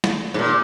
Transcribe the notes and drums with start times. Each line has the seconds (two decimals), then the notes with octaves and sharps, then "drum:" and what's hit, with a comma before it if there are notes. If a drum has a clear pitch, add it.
0.04 drum: snare
0.34 G#2
0.39 A#2